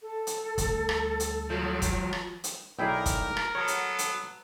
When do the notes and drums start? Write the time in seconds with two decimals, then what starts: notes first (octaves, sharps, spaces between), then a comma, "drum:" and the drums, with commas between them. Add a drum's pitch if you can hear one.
0.02 A4
0.27 drum: hi-hat
0.58 D2 G3, drum: kick, hi-hat
0.89 drum: rim click
1.20 drum: hi-hat
1.50 F3 F#3
1.82 drum: kick, hi-hat
2.13 drum: rim click
2.44 drum: hi-hat
2.79 B1 E4 G#4 A#4 D5 G5
3.06 drum: kick, hi-hat
3.37 drum: rim click
3.55 F#3 B3 F#4 A4 C#5
3.68 drum: hi-hat
3.99 drum: hi-hat